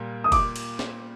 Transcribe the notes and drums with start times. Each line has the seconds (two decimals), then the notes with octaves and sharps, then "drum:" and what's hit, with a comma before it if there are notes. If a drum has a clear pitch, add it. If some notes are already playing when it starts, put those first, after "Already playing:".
Already playing: A#2 G3 A#3
0.24 D#6
0.32 D6, drum: kick, cymbal
0.56 drum: cymbal
0.79 drum: snare